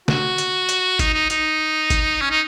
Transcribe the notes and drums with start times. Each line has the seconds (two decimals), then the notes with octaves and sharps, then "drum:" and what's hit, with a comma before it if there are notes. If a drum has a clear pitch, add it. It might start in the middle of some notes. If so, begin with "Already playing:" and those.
0.08 F#4, drum: snare
0.38 drum: hi-hat
0.69 drum: hi-hat
0.99 D#4, drum: kick G1, hi-hat
1.14 D#4
1.30 D#4, drum: hi-hat
1.90 drum: kick G1, hi-hat
2.21 C#4
2.30 D#4